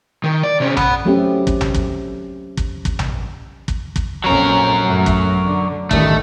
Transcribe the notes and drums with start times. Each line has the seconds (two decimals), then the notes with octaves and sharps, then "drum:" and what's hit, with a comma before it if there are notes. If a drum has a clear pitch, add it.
0.24 D#3
0.43 D5
0.60 C3 C#4
0.77 F#5 B5, drum: tom A#1
1.05 F#3 A3 C4 C#4 G4 E5
1.47 drum: kick
1.61 drum: tom A#1
1.74 drum: kick
2.57 drum: kick
2.85 drum: kick
2.99 drum: tom A#1
3.68 drum: kick
3.96 drum: kick
4.24 A#1 F2 F#3 C#4 A#4
4.85 F#2 A3
5.06 drum: kick
5.45 D3
5.91 A1 D#3 G3 A3, drum: kick